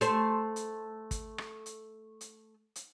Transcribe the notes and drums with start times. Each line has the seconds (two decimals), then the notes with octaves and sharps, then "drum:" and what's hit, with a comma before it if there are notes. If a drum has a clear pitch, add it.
0.01 A3 C5, drum: hi-hat
0.56 drum: hi-hat
1.11 drum: kick, hi-hat
1.38 drum: rim click
1.66 drum: hi-hat
2.21 drum: hi-hat
2.76 drum: hi-hat